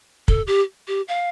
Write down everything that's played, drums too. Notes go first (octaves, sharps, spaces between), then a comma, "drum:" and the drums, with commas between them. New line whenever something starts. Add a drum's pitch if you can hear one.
A4, drum: kick
G4
G4
F5